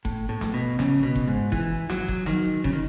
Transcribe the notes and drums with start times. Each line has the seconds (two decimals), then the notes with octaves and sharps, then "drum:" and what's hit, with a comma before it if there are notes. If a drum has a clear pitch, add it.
0.05 A2, drum: kick F#1
0.29 A2
0.41 drum: snare
0.54 B2
0.79 C#3, drum: snare
1.03 B2
1.15 drum: kick F#1
1.27 G#2
1.52 E3, drum: kick F#1
1.90 F#3, drum: snare
2.08 drum: kick F#1
2.26 D#3, drum: snare
2.64 C#3, drum: kick F#1
2.73 D#3